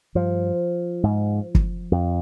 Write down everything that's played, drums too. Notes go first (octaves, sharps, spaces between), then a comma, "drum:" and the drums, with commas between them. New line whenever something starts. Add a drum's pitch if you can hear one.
G2 F3
G#2
drum: kick
F2